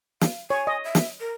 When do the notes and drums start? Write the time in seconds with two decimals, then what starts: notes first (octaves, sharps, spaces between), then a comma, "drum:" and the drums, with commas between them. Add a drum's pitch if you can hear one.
0.21 F5, drum: snare
0.50 C#5 G#5
0.67 D#5
0.84 E5
0.95 drum: snare
1.20 A#4